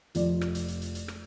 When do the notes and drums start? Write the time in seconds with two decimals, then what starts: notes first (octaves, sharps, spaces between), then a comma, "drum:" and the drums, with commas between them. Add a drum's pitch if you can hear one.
0.15 F1 F3 D5, drum: hi-hat
0.41 drum: rim click
0.55 drum: hi-hat
0.68 drum: hi-hat
0.81 drum: hi-hat
0.95 drum: hi-hat
1.08 drum: rim click